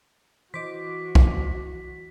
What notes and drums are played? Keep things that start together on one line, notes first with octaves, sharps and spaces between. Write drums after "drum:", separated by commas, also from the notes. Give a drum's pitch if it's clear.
E3 F#4 C5 D#5 D6 B6
drum: kick B1